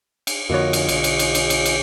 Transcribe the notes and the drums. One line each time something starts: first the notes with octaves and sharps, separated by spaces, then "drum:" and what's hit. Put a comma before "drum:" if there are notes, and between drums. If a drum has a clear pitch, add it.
drum: cymbal
F2 D3 F3 A#3 F4 F#4 C#5 D#5
drum: cymbal
B1 D3, drum: cymbal
drum: cymbal
drum: cymbal
drum: cymbal
drum: cymbal
drum: cymbal